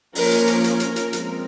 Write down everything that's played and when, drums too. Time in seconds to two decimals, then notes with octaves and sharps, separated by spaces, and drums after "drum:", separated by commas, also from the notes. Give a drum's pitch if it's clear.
0.15 F3 A#3 C#4 A#4, drum: open hi-hat
0.31 drum: hi-hat
0.47 drum: hi-hat
0.64 A#4, drum: hi-hat
0.80 drum: hi-hat
0.96 drum: hi-hat
1.13 F3 G#3 C4, drum: hi-hat